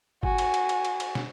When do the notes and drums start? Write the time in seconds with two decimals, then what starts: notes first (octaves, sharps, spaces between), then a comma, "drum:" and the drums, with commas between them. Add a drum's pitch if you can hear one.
0.23 F#4 G#5, drum: kick
0.38 drum: cymbal
0.54 drum: cymbal
0.69 drum: cymbal
0.85 drum: cymbal
1.00 drum: cymbal
1.15 drum: snare